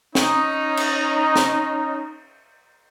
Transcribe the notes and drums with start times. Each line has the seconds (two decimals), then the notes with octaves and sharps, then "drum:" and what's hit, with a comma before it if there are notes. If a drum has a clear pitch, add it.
0.15 C#4 D#4, drum: snare
0.77 drum: cymbal
1.36 drum: snare